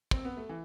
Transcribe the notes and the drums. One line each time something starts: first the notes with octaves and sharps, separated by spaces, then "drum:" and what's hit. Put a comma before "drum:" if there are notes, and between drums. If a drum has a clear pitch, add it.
C4, drum: kick
B3
A3
E3